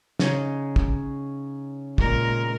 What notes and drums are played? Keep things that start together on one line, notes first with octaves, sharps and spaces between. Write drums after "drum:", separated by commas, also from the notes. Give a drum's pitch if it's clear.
C#3 C#4 D#4, drum: snare
drum: kick
A#2 G#3 A#4, drum: kick